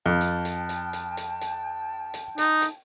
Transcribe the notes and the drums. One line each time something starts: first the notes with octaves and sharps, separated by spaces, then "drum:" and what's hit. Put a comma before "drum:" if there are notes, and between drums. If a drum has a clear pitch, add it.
F2 G5 A5
drum: hi-hat
drum: hi-hat
drum: hi-hat
drum: hi-hat
drum: hi-hat
drum: hi-hat
drum: hi-hat
D#4, drum: hi-hat
drum: hi-hat